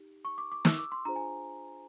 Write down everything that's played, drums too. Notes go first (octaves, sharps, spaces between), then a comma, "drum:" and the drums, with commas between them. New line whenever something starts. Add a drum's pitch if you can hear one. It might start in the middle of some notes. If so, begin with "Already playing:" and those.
Already playing: D#4 G4
C#6
D6
D6
E6, drum: snare
D6
C6
D4 F4 G#4 C5 A#5
G#5